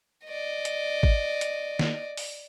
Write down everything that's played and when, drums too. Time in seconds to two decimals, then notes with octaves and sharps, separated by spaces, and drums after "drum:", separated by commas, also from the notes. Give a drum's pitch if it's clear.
0.27 D5 D#5
0.65 drum: hi-hat
1.03 drum: kick
1.41 drum: hi-hat
1.79 drum: snare
2.17 drum: open hi-hat